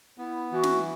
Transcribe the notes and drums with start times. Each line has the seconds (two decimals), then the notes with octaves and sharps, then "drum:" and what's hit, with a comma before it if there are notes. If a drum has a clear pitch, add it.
0.18 B3 E4
0.52 E3 F#4
0.63 drum: snare